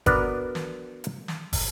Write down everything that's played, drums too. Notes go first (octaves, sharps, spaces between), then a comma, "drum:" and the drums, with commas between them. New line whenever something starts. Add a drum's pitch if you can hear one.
B3 D4 F#4 A#4 B4, drum: kick, hi-hat
drum: snare
drum: hi-hat
drum: snare
drum: kick, open hi-hat